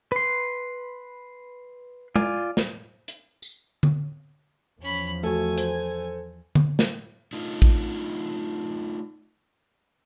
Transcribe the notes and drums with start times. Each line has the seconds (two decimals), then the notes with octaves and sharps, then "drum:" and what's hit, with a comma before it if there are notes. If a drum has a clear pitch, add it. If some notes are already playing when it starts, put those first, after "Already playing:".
0.12 B4 C6
2.16 F4 D5 G#5, drum: tom G#3
2.57 drum: snare
3.08 drum: hi-hat
3.42 drum: tambourine
3.83 drum: tom D3
4.81 E2 F3 C#4 B5
5.23 A3 F#4 A4 G#5
5.58 C5 G#6, drum: hi-hat
6.55 drum: tom D3
6.79 drum: snare
7.33 A3 D4 D#4 F4
7.62 drum: kick A1